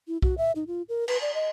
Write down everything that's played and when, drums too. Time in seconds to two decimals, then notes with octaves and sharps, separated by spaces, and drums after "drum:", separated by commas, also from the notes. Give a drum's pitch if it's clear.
0.08 E4
0.22 F#4, drum: kick B1
0.38 E5
0.56 D#4
0.67 F4
0.89 A#4
1.08 B4, drum: cymbal
1.22 D5
1.34 D#5